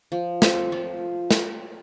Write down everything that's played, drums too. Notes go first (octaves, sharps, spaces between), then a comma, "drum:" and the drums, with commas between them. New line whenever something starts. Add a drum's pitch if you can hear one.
F3
C4 A4, drum: snare
F3 F4
drum: snare